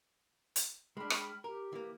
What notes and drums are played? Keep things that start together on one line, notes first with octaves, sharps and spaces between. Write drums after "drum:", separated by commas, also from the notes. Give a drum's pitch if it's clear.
drum: hi-hat
G#3 D4 G5 B5 F6
drum: rim click
G4 A#4
E3 A#3